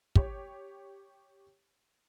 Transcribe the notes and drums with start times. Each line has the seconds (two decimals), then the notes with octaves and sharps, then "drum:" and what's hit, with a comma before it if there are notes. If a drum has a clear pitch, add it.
0.15 G4 C#5, drum: kick